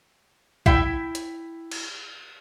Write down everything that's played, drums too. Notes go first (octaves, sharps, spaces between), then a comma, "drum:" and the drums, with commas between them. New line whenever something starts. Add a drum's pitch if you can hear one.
E4 E5 G5, drum: kick A#1
drum: hi-hat
drum: cymbal